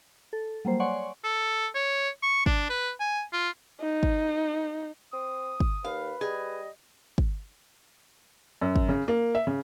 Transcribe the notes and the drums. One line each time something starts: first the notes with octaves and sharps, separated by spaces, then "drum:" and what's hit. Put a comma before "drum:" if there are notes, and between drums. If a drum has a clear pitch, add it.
A4
F#3 G3 A#3 C5
C#5 D5 F#5 G#5 C6 C#6
A4
C#5
C#6
D4, drum: kick
B4
G#5
F4
D#4
drum: kick
C4 D#6
drum: kick
D#2 B4 F5
G3 G#4 D#5
drum: kick
F#2
drum: kick
C#3
A#3
E5
C#3